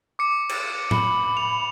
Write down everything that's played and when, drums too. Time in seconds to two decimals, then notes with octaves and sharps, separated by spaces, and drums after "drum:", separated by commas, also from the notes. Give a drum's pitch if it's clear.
0.19 D6 C#7
0.49 drum: cymbal
0.91 B5, drum: tom A2
1.37 F7